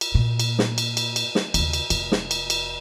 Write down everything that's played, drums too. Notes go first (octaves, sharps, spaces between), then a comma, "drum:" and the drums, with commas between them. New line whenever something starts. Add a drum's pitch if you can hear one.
drum: cymbal
A#2
drum: cymbal
drum: snare
drum: cymbal
drum: cymbal
drum: cymbal
drum: snare
D#2 C#3, drum: cymbal
drum: cymbal
F1, drum: cymbal
drum: snare
drum: cymbal
drum: cymbal